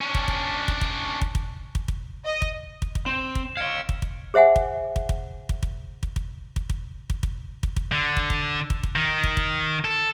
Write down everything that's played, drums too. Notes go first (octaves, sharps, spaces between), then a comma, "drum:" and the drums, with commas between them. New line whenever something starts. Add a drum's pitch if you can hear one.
C#4 D4
drum: kick
drum: kick
drum: kick
drum: kick
drum: kick
drum: kick
drum: kick
drum: kick
D#5
drum: kick
drum: kick
drum: kick
C4 E7
drum: kick
D#5 F5 G#6 C#7 D7
drum: kick
drum: kick
G#4 C5 E5 F#5 G#5
drum: kick
drum: kick
drum: kick
drum: kick
drum: kick
drum: kick
drum: kick
drum: kick
drum: kick
drum: kick
drum: kick
drum: kick
drum: kick
D3
drum: kick
drum: kick
drum: kick
drum: kick
D#3
drum: kick
drum: kick
A4